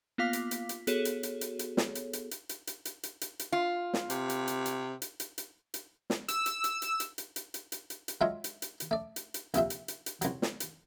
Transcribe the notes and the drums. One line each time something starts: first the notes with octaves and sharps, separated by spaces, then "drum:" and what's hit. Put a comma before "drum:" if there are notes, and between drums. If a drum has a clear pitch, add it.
A#3 B3 F4 F5 D6 B6
drum: hi-hat
drum: hi-hat
drum: hi-hat
B3 F#4 G#4 A4 C#5, drum: hi-hat
drum: hi-hat
drum: hi-hat
drum: hi-hat
drum: hi-hat
drum: snare
drum: hi-hat
drum: hi-hat
drum: hi-hat
drum: hi-hat
drum: hi-hat
drum: hi-hat
drum: hi-hat
drum: hi-hat
drum: hi-hat
F4
drum: snare
C3, drum: hi-hat
drum: hi-hat
drum: hi-hat
drum: hi-hat
drum: hi-hat
drum: hi-hat
drum: hi-hat
drum: hi-hat
drum: snare
E6, drum: hi-hat
drum: hi-hat
drum: hi-hat
drum: hi-hat
drum: hi-hat
drum: hi-hat
drum: hi-hat
drum: hi-hat
drum: hi-hat
drum: hi-hat
drum: hi-hat
F#3 G#3 F4 C#5 E5
drum: hi-hat
drum: hi-hat
drum: hi-hat
A3 D5
drum: hi-hat
drum: hi-hat
A#1 C3 F3 E5, drum: hi-hat
drum: hi-hat
drum: hi-hat
drum: hi-hat
C2 F#3, drum: hi-hat
drum: snare
drum: hi-hat